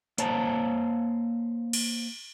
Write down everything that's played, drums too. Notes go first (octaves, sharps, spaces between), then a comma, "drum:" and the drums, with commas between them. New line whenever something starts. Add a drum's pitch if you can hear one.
A#3 C5 C#5 A5 A#5, drum: hi-hat
drum: cymbal